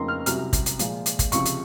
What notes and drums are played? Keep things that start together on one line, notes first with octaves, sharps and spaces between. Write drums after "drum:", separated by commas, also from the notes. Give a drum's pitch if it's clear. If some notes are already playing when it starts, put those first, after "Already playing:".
Already playing: F2 C#3 F3 A#3 D#4 A#5 C6
F6
C2 C3 F#3 C#4 F6, drum: hi-hat
drum: kick, hi-hat
drum: hi-hat
A#2 F3 G#3, drum: hi-hat
drum: hi-hat
drum: kick, hi-hat
C#2 C3 F3 C#6, drum: hi-hat
drum: hi-hat